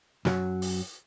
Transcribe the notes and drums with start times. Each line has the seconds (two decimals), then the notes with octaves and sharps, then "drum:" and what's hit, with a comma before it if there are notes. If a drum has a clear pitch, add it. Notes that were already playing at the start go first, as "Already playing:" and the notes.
0.25 F#2 F#3, drum: snare
0.62 drum: open hi-hat